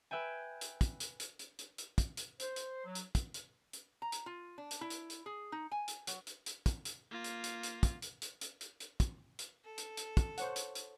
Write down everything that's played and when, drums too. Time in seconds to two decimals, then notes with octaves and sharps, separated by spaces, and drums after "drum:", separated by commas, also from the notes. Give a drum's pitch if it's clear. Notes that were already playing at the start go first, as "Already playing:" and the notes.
0.11 B4 E5 G5 G#5
0.61 drum: hi-hat
0.81 drum: kick, hi-hat
1.00 drum: hi-hat
1.20 drum: hi-hat
1.39 drum: hi-hat
1.59 drum: hi-hat
1.78 drum: hi-hat
1.98 drum: kick, hi-hat
2.17 drum: hi-hat
2.40 C5, drum: hi-hat
2.56 drum: hi-hat
2.84 F#3
2.95 drum: hi-hat
3.15 drum: kick, hi-hat
3.34 drum: hi-hat
3.73 drum: hi-hat
4.02 A#5
4.12 drum: hi-hat
4.26 F4
4.58 D4
4.71 drum: hi-hat
4.81 E4
4.90 drum: hi-hat
5.10 drum: hi-hat
5.26 G#4
5.52 D#4
5.71 G#5
5.88 drum: hi-hat
6.07 F#3, drum: hi-hat
6.27 drum: hi-hat
6.46 drum: hi-hat
6.66 drum: kick, hi-hat
6.85 drum: hi-hat
7.11 A#3 F4
7.24 drum: hi-hat
7.44 drum: hi-hat
7.63 drum: hi-hat
7.83 drum: kick, hi-hat
8.02 drum: hi-hat
8.22 drum: hi-hat
8.41 drum: hi-hat
8.61 drum: hi-hat
8.80 drum: hi-hat
9.00 drum: kick, hi-hat
9.39 drum: hi-hat
9.64 A4
9.78 drum: hi-hat
9.97 drum: hi-hat
10.17 drum: kick, hi-hat
10.38 C5 C#5 F#5, drum: hi-hat
10.56 drum: hi-hat
10.75 drum: hi-hat